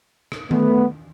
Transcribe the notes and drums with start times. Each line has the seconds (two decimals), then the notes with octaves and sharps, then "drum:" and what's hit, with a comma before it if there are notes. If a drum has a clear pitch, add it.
0.32 drum: rim click
0.51 A3 B3, drum: tom D#3